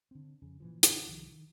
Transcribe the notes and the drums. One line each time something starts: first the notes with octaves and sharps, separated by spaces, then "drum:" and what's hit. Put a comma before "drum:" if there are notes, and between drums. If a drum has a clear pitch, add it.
D3 C4
F2 C#3
A#2 E3 F3
F#2 D3, drum: hi-hat
C2 D#3 F3
D#3